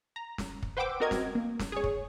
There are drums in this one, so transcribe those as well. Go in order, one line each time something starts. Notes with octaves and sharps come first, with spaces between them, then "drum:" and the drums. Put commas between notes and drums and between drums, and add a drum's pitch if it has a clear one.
A#5
drum: snare
drum: kick
B4 C5 F#5 G5 D6 E6
C4 F#4 A#4 D#5 G#6
drum: snare
A#3
drum: snare
G#4 C#5
drum: kick